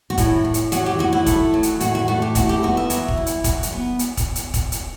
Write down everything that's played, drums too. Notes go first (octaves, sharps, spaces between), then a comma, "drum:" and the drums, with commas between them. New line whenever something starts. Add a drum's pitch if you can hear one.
F#4
A2 E4, drum: kick, hi-hat
A2
drum: hi-hat
F#3 F#4, drum: hi-hat
G4
A2 F#4
E4
A3, drum: kick, hi-hat
F#3
drum: hi-hat
A2 F#4, drum: hi-hat
F#4
A3 F#4
G4
E4 F#4, drum: kick, hi-hat
G4
B3 F#4
E5
F#3, drum: hi-hat
drum: kick
E4
drum: hi-hat
F#3, drum: kick, hi-hat
drum: hi-hat
B3
drum: hi-hat
drum: kick, hi-hat
drum: hi-hat
drum: kick, hi-hat
drum: hi-hat